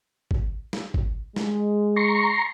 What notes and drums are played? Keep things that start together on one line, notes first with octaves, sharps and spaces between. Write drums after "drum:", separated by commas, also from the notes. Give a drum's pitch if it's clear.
drum: kick
drum: snare
drum: kick
G#3, drum: snare
A#5 C6 C#6